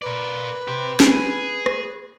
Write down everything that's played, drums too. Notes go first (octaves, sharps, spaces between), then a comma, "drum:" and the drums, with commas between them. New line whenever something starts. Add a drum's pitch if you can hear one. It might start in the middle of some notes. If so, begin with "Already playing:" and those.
A#4 B4 D5
G4 C5
G#4, drum: snare
drum: rim click